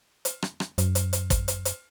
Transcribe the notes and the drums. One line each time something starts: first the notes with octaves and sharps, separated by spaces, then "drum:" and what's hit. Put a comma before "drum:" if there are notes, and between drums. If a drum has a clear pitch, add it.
drum: hi-hat
drum: rim click
drum: rim click
F#2, drum: hi-hat
drum: hi-hat
drum: hi-hat
drum: kick, hi-hat
drum: hi-hat
drum: hi-hat